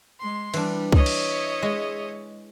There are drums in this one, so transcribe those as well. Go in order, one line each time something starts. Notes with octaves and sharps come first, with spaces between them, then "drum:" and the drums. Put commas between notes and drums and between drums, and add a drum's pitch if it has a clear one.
G#3 C6
E3 G3 D4, drum: cymbal
C#5 D#5 E5, drum: kick C2
drum: cymbal
G#3